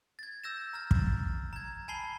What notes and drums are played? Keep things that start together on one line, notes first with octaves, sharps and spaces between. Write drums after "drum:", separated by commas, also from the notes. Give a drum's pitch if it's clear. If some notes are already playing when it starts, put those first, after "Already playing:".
G#6 A6
E6 G6 A#6 E7
A#5 F6 A6
drum: kick
A#5 G#6
G#5 A5 B5 C7 G7